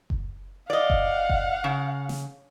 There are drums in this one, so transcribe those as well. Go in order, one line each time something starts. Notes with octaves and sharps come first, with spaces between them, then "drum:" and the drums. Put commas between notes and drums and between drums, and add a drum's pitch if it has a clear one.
drum: kick F#1
D5 D#5 F5 F#5
drum: kick F#1
drum: kick F#1
C#3
drum: snare